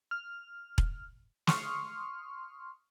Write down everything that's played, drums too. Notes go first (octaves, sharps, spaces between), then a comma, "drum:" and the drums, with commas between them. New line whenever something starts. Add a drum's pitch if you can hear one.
F6
drum: kick E1
C6 C#6 D#6 F6, drum: snare